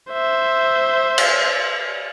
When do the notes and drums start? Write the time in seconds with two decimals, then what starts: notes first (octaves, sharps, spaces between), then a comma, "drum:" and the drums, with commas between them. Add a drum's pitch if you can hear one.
0.13 C5 E5
1.18 drum: cymbal